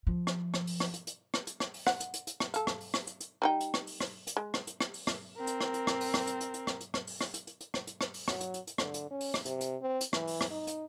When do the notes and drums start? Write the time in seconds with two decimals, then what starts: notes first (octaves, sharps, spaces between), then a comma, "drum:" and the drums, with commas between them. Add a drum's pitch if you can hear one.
0.07 F3
0.27 drum: rim click
0.54 drum: rim click
0.67 drum: open hi-hat
0.80 drum: rim click
0.94 drum: hi-hat
1.07 drum: hi-hat
1.34 drum: rim click
1.47 drum: hi-hat
1.60 drum: rim click
1.74 drum: open hi-hat
1.87 F#5, drum: rim click
2.00 drum: hi-hat
2.14 drum: hi-hat
2.27 drum: hi-hat
2.40 drum: rim click
2.54 A4 F5, drum: hi-hat
2.67 drum: rim click
2.80 drum: open hi-hat
2.94 drum: rim click
3.07 drum: hi-hat
3.20 drum: hi-hat
3.42 G3 D#4 G5
3.60 drum: hi-hat
3.74 drum: rim click
3.87 drum: open hi-hat
4.00 drum: rim click
4.27 drum: hi-hat
4.37 G#3
4.54 drum: rim click
4.67 drum: hi-hat
4.81 drum: rim click
4.94 drum: open hi-hat
5.07 drum: rim click
5.37 C4 A#4
5.47 drum: hi-hat
5.61 drum: rim click
5.74 drum: hi-hat
5.87 drum: rim click
6.01 drum: open hi-hat
6.14 drum: rim click
6.27 drum: hi-hat
6.41 drum: hi-hat
6.54 drum: hi-hat
6.67 drum: rim click
6.81 drum: hi-hat
6.94 drum: rim click
7.07 drum: open hi-hat
7.21 drum: rim click
7.34 drum: hi-hat
7.47 drum: hi-hat
7.61 drum: hi-hat
7.74 drum: rim click
7.87 drum: hi-hat
8.01 drum: rim click
8.14 drum: open hi-hat
8.28 F#3, drum: rim click
8.41 drum: hi-hat
8.54 drum: hi-hat
8.67 drum: hi-hat
8.78 D3, drum: rim click
8.94 drum: hi-hat
9.11 C#4
9.21 drum: open hi-hat
9.34 drum: rim click
9.45 C3, drum: hi-hat
9.61 drum: hi-hat
9.82 C4
10.01 drum: hi-hat
10.13 E3, drum: rim click
10.27 drum: open hi-hat
10.41 drum: rim click
10.50 D#4
10.67 drum: hi-hat